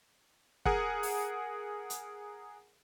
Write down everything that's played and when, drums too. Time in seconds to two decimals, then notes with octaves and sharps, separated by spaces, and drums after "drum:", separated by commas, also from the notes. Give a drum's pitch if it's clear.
0.66 G#4 A#4 F#5, drum: kick
1.03 drum: open hi-hat
1.90 drum: hi-hat